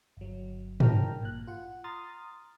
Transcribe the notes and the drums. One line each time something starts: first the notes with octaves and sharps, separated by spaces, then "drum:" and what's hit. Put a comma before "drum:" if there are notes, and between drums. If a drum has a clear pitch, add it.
G1 F#3
A#4 G5 A5 A#5 F6, drum: tom
A1 A#2 F#6
F4 F#5
A#5 C6 D#6 F6 A6